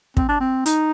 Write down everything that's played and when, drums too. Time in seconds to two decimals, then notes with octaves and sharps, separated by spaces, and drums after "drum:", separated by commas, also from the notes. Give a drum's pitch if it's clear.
0.17 C4, drum: kick
0.29 D4
0.40 C4
0.66 D#4, drum: hi-hat